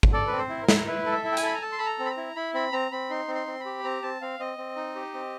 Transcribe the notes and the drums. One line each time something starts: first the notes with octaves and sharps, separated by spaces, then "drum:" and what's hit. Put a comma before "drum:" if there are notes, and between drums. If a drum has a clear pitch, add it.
drum: kick
A4 D5
C4 B4
C5
E4
A#4
E4, drum: snare
E4 B4
A4
E5
E4
G5
G#5, drum: hi-hat
A4 B5
A#5
A4 A5
C6
A4 B5
A#5
C4
B5
A#5
E4
E4 B5
C4 B5
C4 A#5
C4 B5
D#4 C6
C4
C6
C4
B5
G4
C4 A#5
C4 A5
C4 F5
C4 D#5
C4
D#4
G4
C4